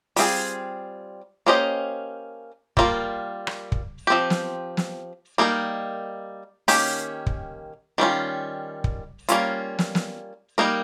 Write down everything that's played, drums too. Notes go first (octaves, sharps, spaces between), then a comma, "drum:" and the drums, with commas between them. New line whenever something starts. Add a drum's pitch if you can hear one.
G3 C4 F4 G#4, drum: open hi-hat
A#3 C#4 G4 C5 D#5
G3 A#3 F4 A#4, drum: kick
drum: rim click
drum: kick
F3 C4 G4
drum: snare
drum: snare
G3 A#3 D#4 A#4
D#3 A#3 C#4 G4, drum: open hi-hat
drum: kick
D#3 G3 C#4 F4
drum: kick
G3 A#3 C#4 F4, drum: hi-hat
drum: snare
drum: snare
G3 A#3 D#4 A#4